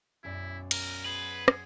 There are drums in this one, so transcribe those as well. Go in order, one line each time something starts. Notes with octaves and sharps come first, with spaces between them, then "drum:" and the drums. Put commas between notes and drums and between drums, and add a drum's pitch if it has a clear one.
B1 F#2 E4 D5
A#4, drum: cymbal
G#4 B4 C5 F#5
drum: rim click